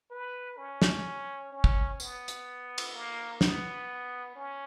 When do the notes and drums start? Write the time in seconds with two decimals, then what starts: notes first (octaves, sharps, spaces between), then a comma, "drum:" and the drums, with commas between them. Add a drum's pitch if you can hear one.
0.11 B4
0.58 C#4
0.82 drum: snare
1.52 C#4
1.64 drum: kick
2.00 B3, drum: tambourine
2.28 drum: hi-hat
2.78 drum: cymbal
2.94 A#3
3.41 B3, drum: snare
4.35 C#4